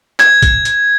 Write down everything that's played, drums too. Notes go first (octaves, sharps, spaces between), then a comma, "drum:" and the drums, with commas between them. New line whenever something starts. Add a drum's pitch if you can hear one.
G#6, drum: clap
drum: kick, hi-hat
drum: hi-hat